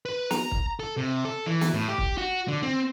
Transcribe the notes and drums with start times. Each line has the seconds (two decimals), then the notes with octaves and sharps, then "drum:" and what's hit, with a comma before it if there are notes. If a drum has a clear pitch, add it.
0.06 B4
0.31 A#5, drum: snare
0.51 drum: kick
0.80 A4
0.97 C3
1.25 A4
1.46 E3
1.61 drum: snare
1.74 A2
1.89 G4
1.98 drum: kick
2.18 F#4
2.48 D3
2.63 C4